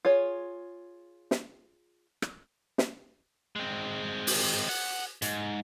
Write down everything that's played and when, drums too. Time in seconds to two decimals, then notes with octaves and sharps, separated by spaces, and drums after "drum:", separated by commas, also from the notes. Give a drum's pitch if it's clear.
0.05 F4 G#4 C#5
1.31 drum: snare
2.22 drum: rim click
2.78 drum: snare
3.56 G#3 C4
4.27 drum: open hi-hat
4.69 F#5
5.22 G#2, drum: hi-hat